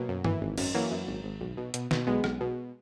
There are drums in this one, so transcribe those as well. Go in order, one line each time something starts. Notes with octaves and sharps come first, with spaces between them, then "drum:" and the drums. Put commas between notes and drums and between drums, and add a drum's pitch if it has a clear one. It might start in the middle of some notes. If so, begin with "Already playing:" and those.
Already playing: B2 F#3 A#3
F#2
E3, drum: tom G2
G#1
F#2, drum: cymbal
E3 F#3 A#3
F#2
G#1
G#1
B1
B2
B2, drum: hi-hat
B2, drum: snare
B1 G#3 B3
B1, drum: rim click
B2